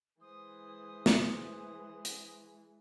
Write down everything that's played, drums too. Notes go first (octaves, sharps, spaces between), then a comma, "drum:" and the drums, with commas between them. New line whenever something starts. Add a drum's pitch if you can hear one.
E3 G#3 B4 C5 D#6
drum: snare
drum: hi-hat